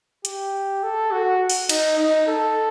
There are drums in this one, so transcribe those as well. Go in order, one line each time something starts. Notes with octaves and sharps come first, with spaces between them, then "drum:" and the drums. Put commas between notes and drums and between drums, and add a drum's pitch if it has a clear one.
G4, drum: hi-hat
A4
F#4
drum: open hi-hat
D#4, drum: cymbal
D#4
A4